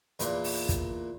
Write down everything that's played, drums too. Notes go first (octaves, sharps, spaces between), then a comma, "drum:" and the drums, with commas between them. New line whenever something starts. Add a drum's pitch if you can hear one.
E2 A#2, drum: hi-hat
drum: open hi-hat
drum: kick, hi-hat